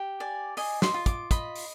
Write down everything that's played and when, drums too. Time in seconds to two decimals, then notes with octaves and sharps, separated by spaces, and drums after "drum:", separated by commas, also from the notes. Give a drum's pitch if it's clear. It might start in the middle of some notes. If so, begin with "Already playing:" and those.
Already playing: G4
0.20 D5 G#5
0.57 D#5 G#5, drum: open hi-hat
0.82 C6, drum: snare
0.94 F4
1.06 D6, drum: kick, hi-hat
1.31 D#5 B5, drum: kick, hi-hat
1.55 drum: open hi-hat